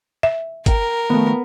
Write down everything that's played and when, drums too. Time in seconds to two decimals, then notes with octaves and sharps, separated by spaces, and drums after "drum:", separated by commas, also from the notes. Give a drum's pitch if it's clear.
0.23 E5
0.66 A#4 G5, drum: kick, hi-hat
1.10 D#3 F3 A3 B3